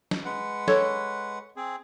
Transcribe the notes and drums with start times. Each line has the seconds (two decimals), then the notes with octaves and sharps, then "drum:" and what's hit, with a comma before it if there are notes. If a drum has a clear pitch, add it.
0.11 drum: snare
0.25 G#3 B4 F#5
0.68 A4 C#5, drum: snare
1.56 C4 G#4